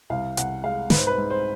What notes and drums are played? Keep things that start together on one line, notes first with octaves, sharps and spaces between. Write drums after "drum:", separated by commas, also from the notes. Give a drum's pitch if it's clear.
C2 F5
C2 F#5, drum: hi-hat
G#3 F5
G#2 B4, drum: snare
C5
B4
G#2
C5